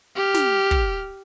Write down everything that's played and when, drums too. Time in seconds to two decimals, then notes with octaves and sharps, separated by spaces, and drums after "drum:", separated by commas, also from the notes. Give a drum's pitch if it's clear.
0.16 G4 F6
0.34 drum: snare
0.71 drum: kick